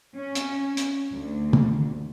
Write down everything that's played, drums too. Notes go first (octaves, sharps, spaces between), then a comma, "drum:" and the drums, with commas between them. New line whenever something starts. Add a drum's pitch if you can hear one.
C#4
drum: hi-hat
drum: hi-hat
D2
drum: tom